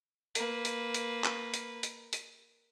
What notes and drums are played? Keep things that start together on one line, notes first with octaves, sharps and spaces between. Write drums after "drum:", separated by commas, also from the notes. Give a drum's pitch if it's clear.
A#3 B4, drum: hi-hat
drum: hi-hat
drum: hi-hat
drum: clap
drum: hi-hat
drum: hi-hat
drum: hi-hat